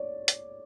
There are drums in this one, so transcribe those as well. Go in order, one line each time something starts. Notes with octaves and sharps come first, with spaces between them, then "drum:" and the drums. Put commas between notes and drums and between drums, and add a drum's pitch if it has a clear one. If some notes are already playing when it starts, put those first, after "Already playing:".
Already playing: C#5 D5
drum: hi-hat